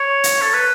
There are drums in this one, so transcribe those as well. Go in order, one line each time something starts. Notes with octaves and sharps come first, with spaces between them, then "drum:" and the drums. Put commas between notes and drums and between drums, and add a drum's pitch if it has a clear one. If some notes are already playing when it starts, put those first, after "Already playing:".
Already playing: C#5
drum: hi-hat
A4
B4